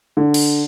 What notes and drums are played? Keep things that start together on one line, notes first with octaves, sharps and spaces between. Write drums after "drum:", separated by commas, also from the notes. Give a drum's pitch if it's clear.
D3
drum: cymbal